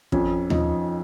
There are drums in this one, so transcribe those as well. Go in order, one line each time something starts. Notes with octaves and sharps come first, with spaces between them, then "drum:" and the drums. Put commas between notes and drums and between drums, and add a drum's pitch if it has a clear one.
F2 C#4, drum: kick
F3 D#4, drum: tom D#2